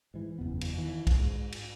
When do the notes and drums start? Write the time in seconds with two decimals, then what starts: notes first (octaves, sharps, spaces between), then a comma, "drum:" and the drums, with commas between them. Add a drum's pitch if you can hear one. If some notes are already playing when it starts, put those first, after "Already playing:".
0.14 G#2 E3
0.38 F#1 E2 B3
0.61 drum: cymbal
0.77 D#3 E3
1.07 drum: kick B1, cymbal
1.18 G#2
1.52 drum: cymbal